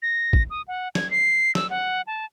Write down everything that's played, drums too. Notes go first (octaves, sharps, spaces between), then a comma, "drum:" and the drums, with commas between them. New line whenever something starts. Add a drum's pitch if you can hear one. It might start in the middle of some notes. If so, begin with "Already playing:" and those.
A#6
drum: kick
D#6
F#5
G#6, drum: snare
C7
E6, drum: snare
F#5
A5